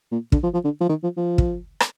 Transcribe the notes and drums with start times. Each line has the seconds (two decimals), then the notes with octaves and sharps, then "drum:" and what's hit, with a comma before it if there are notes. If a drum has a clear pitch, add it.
0.11 A#2
0.32 D3, drum: kick
0.43 F3
0.53 F3
0.64 D3
0.80 F3
0.89 D#3
1.03 F3
1.17 F3
1.38 drum: kick
1.80 drum: rim click